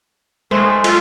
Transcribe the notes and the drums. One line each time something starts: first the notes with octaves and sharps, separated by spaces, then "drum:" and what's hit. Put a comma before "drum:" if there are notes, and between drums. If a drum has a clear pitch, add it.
D#2 G#3 A3 C5
F#3 B3 F4 A4, drum: cymbal